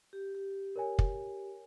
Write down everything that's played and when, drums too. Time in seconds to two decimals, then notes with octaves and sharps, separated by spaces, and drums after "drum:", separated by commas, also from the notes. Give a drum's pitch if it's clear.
0.13 G4
0.35 G4
0.76 A#4 C#5 G#5
0.99 drum: kick